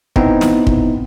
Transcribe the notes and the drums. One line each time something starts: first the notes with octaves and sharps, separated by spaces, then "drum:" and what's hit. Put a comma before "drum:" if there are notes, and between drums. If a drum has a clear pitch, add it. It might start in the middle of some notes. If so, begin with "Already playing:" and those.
B3 C4 D#4 E4, drum: kick
drum: snare
drum: kick